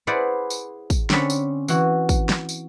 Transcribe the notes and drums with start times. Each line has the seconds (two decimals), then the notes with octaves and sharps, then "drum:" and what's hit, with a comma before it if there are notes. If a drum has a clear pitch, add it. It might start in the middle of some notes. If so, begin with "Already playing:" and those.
0.07 E4 G#4 B4 C5 D5 F#5
0.50 drum: tambourine
0.90 drum: kick, tambourine
1.10 D3 C4 C#4 A5 B5, drum: snare
1.30 drum: tambourine
1.68 E3 F#4, drum: tambourine
2.09 drum: kick, tambourine
2.29 drum: snare
2.49 drum: tambourine